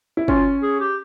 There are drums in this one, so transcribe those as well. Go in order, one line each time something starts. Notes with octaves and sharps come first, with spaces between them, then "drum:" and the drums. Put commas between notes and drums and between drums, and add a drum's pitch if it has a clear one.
E4
C#4 F4, drum: kick
G#4
G4